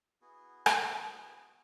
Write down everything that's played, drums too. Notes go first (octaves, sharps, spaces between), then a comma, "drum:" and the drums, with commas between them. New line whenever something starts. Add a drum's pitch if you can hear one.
B3 E4 F#4 G#4
drum: rim click